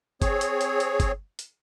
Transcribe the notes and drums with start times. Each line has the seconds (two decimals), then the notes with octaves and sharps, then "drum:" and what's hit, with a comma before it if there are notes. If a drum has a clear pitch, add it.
0.22 C4 G#4 C#5, drum: kick G1, hi-hat
0.41 drum: hi-hat
0.61 drum: hi-hat
0.80 drum: hi-hat
1.00 drum: kick G1, hi-hat
1.39 drum: hi-hat